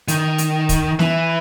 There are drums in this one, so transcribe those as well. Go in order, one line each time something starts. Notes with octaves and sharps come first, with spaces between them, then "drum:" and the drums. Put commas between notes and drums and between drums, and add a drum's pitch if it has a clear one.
D#3, drum: hi-hat
drum: hi-hat
drum: kick, hi-hat
E3, drum: snare